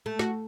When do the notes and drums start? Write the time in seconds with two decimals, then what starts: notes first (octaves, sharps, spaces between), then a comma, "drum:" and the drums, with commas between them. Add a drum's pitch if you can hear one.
0.06 A3
0.19 F#4, drum: snare